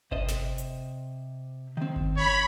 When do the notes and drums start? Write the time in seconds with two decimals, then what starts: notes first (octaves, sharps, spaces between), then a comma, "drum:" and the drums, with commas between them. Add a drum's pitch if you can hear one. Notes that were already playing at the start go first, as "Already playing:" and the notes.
0.11 C3 C5 D#5, drum: kick G1
0.28 drum: snare
0.58 drum: hi-hat
1.77 D#3 C4
1.96 drum: kick G1
2.17 C#5 B5